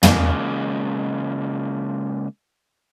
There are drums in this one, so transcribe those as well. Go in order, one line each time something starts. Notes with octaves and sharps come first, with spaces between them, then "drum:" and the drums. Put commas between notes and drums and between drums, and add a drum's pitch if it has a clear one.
C#3 G#3 A#3, drum: tom